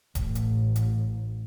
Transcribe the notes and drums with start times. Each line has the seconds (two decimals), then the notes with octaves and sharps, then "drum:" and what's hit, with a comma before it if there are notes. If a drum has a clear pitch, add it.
0.15 A1, drum: kick D#1, hi-hat
0.35 drum: hi-hat
0.76 drum: hi-hat